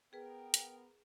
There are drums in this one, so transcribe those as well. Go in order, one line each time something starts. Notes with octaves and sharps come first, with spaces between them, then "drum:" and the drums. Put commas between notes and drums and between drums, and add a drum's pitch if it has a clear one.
B3 G#4 A#4 B4 G5
drum: hi-hat